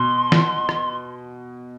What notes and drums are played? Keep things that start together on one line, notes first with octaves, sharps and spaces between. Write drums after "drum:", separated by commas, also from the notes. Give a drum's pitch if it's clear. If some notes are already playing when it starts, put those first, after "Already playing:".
Already playing: B2 C6
drum: snare
drum: rim click